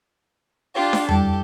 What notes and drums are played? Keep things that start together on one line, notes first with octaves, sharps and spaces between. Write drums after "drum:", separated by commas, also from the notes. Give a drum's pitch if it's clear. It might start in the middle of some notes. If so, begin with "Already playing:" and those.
D4 F4 G4
drum: snare D4
F2 G3 G4 A4 A5, drum: tom E2